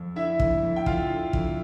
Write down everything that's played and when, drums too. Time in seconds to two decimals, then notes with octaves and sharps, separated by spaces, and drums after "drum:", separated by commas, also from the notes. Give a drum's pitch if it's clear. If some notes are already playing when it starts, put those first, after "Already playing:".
Already playing: F2
0.16 D3 E4 E5
0.40 F2, drum: kick
0.63 F2
0.76 G5
0.86 F2 F4 F5, drum: kick
1.10 D3
1.33 F2, drum: kick